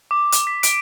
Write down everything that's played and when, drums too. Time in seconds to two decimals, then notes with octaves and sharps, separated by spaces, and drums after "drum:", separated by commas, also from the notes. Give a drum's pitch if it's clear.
0.11 D6
0.32 drum: hi-hat
0.47 B6
0.63 D7, drum: hi-hat